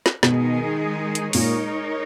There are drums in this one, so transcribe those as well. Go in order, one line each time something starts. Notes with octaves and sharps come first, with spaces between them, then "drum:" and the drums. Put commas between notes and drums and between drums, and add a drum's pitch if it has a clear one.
drum: snare
B2 D#3 G#3 D#4 G#4, drum: snare
drum: hi-hat
A#2 G#3 D#4 A#4 C#5, drum: open hi-hat